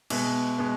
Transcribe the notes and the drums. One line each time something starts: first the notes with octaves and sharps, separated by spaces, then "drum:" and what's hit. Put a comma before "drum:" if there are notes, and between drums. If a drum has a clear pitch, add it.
B2 G#3 B3 E5, drum: cymbal
B2 G#3 B3